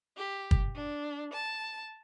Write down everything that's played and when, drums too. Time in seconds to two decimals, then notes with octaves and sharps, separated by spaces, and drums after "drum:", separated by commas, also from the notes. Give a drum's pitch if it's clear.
0.17 G4
0.51 drum: kick
0.75 D4
1.33 A5